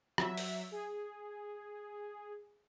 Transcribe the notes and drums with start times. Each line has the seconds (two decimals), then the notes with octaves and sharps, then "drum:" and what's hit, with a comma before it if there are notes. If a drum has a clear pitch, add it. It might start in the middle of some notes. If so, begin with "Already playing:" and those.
0.18 F#3 E5, drum: rim click
0.37 drum: open hi-hat
0.71 G#4